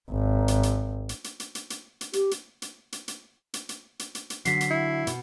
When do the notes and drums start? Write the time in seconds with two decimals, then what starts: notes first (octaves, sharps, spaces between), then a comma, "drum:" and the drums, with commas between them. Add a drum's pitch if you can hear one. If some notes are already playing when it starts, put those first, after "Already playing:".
0.10 G#1
0.48 drum: hi-hat
0.63 drum: hi-hat
1.09 drum: hi-hat
1.24 drum: hi-hat
1.40 drum: hi-hat
1.55 drum: hi-hat
1.70 drum: hi-hat
2.01 drum: hi-hat
2.13 G4, drum: hi-hat
2.31 drum: hi-hat
2.62 drum: hi-hat
2.92 drum: hi-hat
3.08 drum: hi-hat
3.54 drum: hi-hat
3.69 drum: hi-hat
3.99 drum: hi-hat
4.15 drum: hi-hat
4.30 drum: hi-hat
4.45 D3 F#3 B6 C7, drum: hi-hat
4.61 drum: hi-hat
4.70 E4
5.07 B2, drum: hi-hat